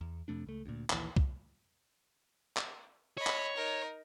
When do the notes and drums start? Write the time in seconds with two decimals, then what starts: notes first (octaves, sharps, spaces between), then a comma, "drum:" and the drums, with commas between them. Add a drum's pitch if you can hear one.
0.01 E2
0.28 F2 C3 A3 D4
0.46 C#2 A3
0.66 D2 A#2
0.90 A#1 D#2 D#3 E3, drum: clap
1.16 drum: kick
2.57 drum: clap
3.18 C#5 D#5 B5
3.27 drum: clap
3.56 D#4 A#4